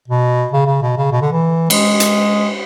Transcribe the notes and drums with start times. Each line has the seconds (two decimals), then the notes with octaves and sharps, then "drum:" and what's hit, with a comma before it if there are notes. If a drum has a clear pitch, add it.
0.08 B2
0.53 C#3
0.66 C#3
0.82 B2
0.97 C#3
1.12 B2
1.21 D3
1.32 E3
1.70 G#3, drum: cymbal
2.00 drum: hi-hat